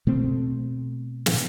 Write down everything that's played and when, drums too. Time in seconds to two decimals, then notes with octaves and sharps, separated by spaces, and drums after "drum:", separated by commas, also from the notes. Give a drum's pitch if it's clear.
0.07 B2 A3 C4
1.26 drum: snare